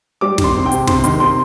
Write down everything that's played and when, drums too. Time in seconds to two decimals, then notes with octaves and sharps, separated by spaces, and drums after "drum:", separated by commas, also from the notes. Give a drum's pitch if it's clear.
0.21 G3 D6
0.38 D#3, drum: snare
0.44 C6
0.55 C3
0.66 G5
0.72 C3, drum: hi-hat
0.87 C3 C6, drum: snare
1.04 D#3 C6, drum: hi-hat
1.20 C3 C6